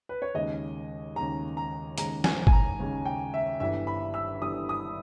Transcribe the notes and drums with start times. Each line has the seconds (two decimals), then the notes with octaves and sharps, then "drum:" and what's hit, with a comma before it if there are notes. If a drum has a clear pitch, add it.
0.09 B4
0.22 C#5
0.34 D#2 C#3 G#3 D#5
1.16 D#2 C#3 G#3 A#5
1.57 A#5
1.98 D#2 C#3 G#3 A#5, drum: hi-hat
2.24 G#5, drum: snare
2.47 G#5, drum: kick
2.52 A#5
2.79 D#2 C#3 G#3
3.05 G5
3.34 E5
3.60 G1 G2 E3 G3 E5
3.87 B5
4.14 E6
4.42 G1 G2 E3 G3 D#6
4.69 D#6